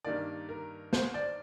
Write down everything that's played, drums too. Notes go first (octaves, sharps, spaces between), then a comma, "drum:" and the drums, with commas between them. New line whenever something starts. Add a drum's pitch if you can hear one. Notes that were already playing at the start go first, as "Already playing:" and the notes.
G2 D#3 A#3 D5
A#4
C5, drum: snare
D5